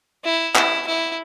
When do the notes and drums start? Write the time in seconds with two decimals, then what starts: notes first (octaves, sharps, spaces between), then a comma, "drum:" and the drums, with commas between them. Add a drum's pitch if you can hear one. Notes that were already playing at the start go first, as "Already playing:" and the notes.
0.24 E4
0.55 E4, drum: clap
0.86 E4